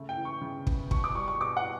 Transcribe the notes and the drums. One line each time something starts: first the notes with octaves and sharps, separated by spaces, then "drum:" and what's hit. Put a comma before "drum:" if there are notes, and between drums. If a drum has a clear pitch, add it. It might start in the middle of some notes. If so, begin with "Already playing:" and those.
Already playing: C#3 A3
G5
E3
C#6
C#3
B3, drum: kick
B2 C#6, drum: kick
D6
G3 C#6
C#6
B2 D6
F#5